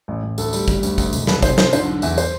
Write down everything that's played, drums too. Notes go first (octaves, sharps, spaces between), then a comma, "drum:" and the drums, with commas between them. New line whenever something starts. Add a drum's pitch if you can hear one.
A1
A1
D2 A4, drum: tambourine
G3, drum: tambourine
G3, drum: kick, tambourine
D2, drum: tambourine
D2, drum: kick, tambourine
E1, drum: tambourine
C2 B4, drum: snare
C3 C5, drum: kick, tambourine
F3 C5, drum: snare
D3 C5, drum: tambourine
D3
E2 E5, drum: tambourine
C5, drum: tambourine